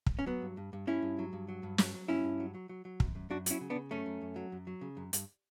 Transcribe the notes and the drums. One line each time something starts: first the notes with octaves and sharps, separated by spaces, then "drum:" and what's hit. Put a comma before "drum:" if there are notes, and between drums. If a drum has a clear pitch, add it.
drum: kick
C#4
F#3 B3
G2
G2
G2
G2 C#4 E4
G2
F#3
G2
F#3
G2
F#3, drum: snare
F#3
G2 C#4 E4
G2
F#3
F#3
F#3
F#3
F#2, drum: kick
F#2
F#2 D4 F#4
F#3 C#4 E4, drum: hi-hat
C#3
B3 D4
C#3
F#2 A3 C#4
F#2
F#2
F#3
F#2
F#3
C#3
F#2
G2, drum: hi-hat